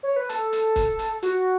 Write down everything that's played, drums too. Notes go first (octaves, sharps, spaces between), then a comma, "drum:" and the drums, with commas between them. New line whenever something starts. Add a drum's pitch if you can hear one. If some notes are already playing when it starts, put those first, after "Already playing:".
C#5
B4
A4, drum: hi-hat
drum: hi-hat
drum: kick C#1, hi-hat
drum: hi-hat
F#4, drum: hi-hat